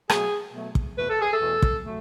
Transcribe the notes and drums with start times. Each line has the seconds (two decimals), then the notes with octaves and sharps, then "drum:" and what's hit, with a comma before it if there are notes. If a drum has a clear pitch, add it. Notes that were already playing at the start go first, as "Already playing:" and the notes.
0.10 B2 F#3 A3 G#4, drum: rim click
0.53 B2 F#3 A3
0.75 drum: kick
0.97 E2 B2 A3 B4
1.09 A4
1.21 G#4
1.33 A4
1.40 E2 B2 A3
1.62 drum: kick
1.84 F#3 A3